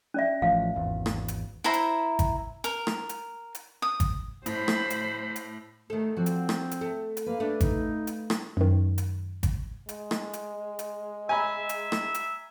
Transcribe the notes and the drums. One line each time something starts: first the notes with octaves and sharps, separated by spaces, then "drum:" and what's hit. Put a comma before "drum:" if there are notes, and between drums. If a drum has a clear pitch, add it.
C#4 D5 E5
A1 F3 F5
G#1 E2
drum: rim click
drum: hi-hat
E4 C5 E5 A#5
drum: hi-hat
drum: kick G#1, hi-hat
A#4, drum: hi-hat
drum: rim click
drum: hi-hat
drum: hi-hat
D#6
drum: kick G#1, hi-hat
A2 C5 B5, drum: hi-hat
drum: rim click
drum: hi-hat
drum: hi-hat
D#3 A3 A4
F3 C4 F#4 D5
drum: hi-hat
drum: rim click
drum: hi-hat
A3
drum: hi-hat
A#3 B4 F5
A3 D4
D#4, drum: kick G#1, hi-hat
drum: hi-hat
drum: rim click
F#2 D#3
drum: hi-hat
drum: kick G#1, hi-hat
G#3, drum: hi-hat
drum: rim click
drum: hi-hat
drum: hi-hat
E5 G#5 A#5 B5
drum: hi-hat
drum: rim click
drum: hi-hat